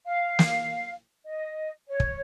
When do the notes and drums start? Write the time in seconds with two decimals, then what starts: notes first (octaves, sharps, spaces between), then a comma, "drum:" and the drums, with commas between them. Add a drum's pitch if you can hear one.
0.05 F5
0.39 drum: snare
1.26 D#5
1.87 C#5
2.00 drum: kick